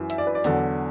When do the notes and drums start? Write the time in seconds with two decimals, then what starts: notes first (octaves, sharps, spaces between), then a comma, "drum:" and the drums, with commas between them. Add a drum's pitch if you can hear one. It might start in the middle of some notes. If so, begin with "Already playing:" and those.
Already playing: F#2 E3
0.10 E5, drum: hi-hat
0.18 D5
0.27 B4
0.35 D5
0.44 E2 D3 F#3, drum: hi-hat